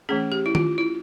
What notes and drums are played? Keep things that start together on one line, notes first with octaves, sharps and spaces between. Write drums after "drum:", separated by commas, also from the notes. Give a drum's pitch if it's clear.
E3 A3 C#4 G#4
G4
E4
F4, drum: tom D#3
E4